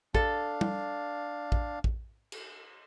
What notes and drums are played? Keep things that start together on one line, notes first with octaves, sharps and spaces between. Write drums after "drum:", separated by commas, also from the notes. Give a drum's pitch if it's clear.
D4 A4 F5, drum: kick
drum: tom
drum: kick
drum: kick
drum: cymbal